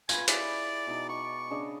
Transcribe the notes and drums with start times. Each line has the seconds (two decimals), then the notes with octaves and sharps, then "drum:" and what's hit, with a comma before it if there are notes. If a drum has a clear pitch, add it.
0.09 F4 B4 G#5, drum: tambourine
0.28 E4 G#4 D5, drum: hi-hat
0.87 B2 D#4
1.09 C#6 D6
1.51 C#3 D4 D#5